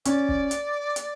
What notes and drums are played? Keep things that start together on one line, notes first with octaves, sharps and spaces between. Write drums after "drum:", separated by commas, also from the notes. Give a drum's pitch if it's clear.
C#4 D5, drum: hi-hat
drum: kick
drum: hi-hat
drum: hi-hat